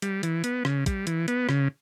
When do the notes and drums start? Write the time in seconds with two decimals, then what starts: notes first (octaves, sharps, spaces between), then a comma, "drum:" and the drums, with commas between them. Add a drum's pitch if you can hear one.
0.02 G3, drum: hi-hat
0.23 E3, drum: hi-hat
0.44 B3, drum: hi-hat
0.65 C#3, drum: rim click
0.86 G3, drum: kick, hi-hat
1.07 E3, drum: hi-hat
1.28 B3, drum: hi-hat
1.49 C#3, drum: rim click